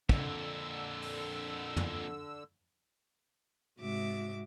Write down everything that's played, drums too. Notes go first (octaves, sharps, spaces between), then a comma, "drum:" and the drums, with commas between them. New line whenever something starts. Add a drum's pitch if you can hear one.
F2 A#2 D3 E6, drum: kick
drum: open hi-hat
drum: tom
G#2 C3 G#3 F#4 E5 D6